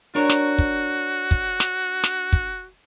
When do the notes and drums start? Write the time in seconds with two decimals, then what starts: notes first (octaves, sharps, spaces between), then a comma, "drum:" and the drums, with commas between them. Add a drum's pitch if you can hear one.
0.15 D4 F#4 A#4 C#5
0.29 drum: snare
0.58 drum: kick
1.31 drum: kick
1.60 drum: snare
2.04 drum: snare
2.33 drum: kick